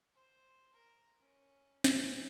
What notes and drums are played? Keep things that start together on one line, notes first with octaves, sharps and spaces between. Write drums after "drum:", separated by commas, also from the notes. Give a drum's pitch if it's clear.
C5
A#4
C#4
G5, drum: snare